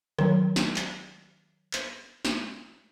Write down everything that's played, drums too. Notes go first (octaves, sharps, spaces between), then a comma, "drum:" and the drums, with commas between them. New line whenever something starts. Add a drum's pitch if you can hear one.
D#3 F#3, drum: rim click
drum: snare
drum: clap
drum: clap
drum: snare